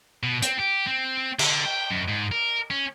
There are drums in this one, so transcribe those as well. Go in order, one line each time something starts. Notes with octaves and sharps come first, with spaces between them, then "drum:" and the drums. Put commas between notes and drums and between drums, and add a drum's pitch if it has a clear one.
B2
C4, drum: hi-hat
G4
C4
D3, drum: cymbal
G5
F#2
G#2
A#4
C#4